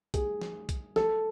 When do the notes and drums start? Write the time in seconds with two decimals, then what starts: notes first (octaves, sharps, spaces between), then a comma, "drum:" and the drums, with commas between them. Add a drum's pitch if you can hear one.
0.14 G#4, drum: kick B1, hi-hat
0.41 drum: snare
0.69 drum: kick B1, hi-hat
0.96 A4, drum: snare